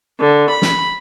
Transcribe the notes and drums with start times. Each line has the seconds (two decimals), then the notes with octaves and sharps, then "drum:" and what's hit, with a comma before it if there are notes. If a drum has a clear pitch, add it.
0.21 D3
0.51 B5
0.62 drum: snare